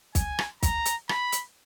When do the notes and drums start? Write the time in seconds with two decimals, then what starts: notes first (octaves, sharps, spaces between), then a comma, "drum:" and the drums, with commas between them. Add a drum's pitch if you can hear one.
0.15 G#5, drum: kick, hi-hat
0.39 drum: rim click
0.63 A#5, drum: kick, hi-hat
0.85 drum: hi-hat
1.09 B5, drum: rim click
1.32 drum: hi-hat